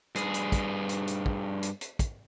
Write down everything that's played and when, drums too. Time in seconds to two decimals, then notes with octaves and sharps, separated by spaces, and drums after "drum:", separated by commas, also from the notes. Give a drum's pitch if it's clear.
0.15 G2 G#4, drum: hi-hat
0.34 drum: hi-hat
0.52 drum: kick, hi-hat
0.89 drum: hi-hat
1.07 drum: hi-hat
1.26 drum: kick
1.63 drum: hi-hat
1.81 drum: hi-hat
1.99 drum: kick, hi-hat